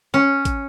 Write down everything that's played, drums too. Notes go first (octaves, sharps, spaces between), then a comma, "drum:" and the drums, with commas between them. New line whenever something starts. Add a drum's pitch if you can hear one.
C#4
drum: kick G#1, hi-hat